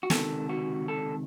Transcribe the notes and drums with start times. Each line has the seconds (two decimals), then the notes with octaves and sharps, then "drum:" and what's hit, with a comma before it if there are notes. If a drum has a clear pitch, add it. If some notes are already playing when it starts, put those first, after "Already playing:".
0.03 F#4
0.10 C#2 C3 D#3 A4, drum: snare
0.49 F#4
0.88 A4